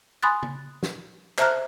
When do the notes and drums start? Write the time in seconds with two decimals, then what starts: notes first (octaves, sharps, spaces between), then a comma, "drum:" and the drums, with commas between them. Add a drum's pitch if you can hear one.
0.23 G#5 B5 C6 D#6 F#6 A6
0.43 drum: tom C#3
0.83 drum: snare
1.38 C5 E5 A5 A#5 F6 F#6, drum: clap